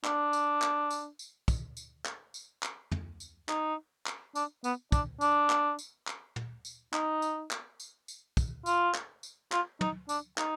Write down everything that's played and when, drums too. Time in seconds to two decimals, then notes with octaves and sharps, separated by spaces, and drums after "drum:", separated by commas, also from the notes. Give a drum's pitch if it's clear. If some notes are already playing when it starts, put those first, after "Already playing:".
0.05 D4, drum: clap
0.33 drum: tambourine
0.62 drum: clap
0.91 drum: tambourine
1.19 drum: tambourine
1.48 drum: kick, tambourine
1.77 drum: tambourine
2.05 drum: clap
2.34 drum: tambourine
2.63 drum: clap
2.92 drum: tom
3.20 drum: tambourine
3.49 D#4, drum: clap
4.06 drum: clap
4.35 D4, drum: tambourine
4.64 B3, drum: tambourine
4.92 D4, drum: kick, tambourine
5.21 D4, drum: tambourine
5.50 drum: clap
5.79 drum: tambourine
6.07 drum: clap
6.36 drum: tom
6.65 drum: tambourine
6.93 D#4, drum: clap
7.22 drum: tambourine
7.51 drum: clap
7.80 drum: tambourine
8.08 drum: tambourine
8.37 drum: kick, tambourine
8.66 F4, drum: tambourine
8.94 drum: clap
9.23 drum: tambourine
9.52 F4, drum: clap
9.81 D#4, drum: tom
10.09 D4, drum: tambourine
10.38 D#4, drum: clap